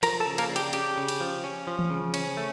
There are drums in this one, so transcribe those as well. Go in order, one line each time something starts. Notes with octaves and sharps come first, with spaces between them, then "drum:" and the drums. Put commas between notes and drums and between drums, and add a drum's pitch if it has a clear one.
F3 A#4 A#5, drum: cymbal
A4 A5
C#3
A#3 A#4, drum: cymbal
D4
G4, drum: cymbal
C#3 G4, drum: cymbal
C#3
drum: cymbal
F3
C#4
F3
drum: tom E3
C#3
C#4, drum: cymbal
A3